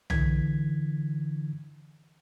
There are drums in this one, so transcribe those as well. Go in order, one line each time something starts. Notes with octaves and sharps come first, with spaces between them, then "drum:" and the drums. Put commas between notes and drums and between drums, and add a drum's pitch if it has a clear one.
D3 E3 G#6 B6, drum: tom B1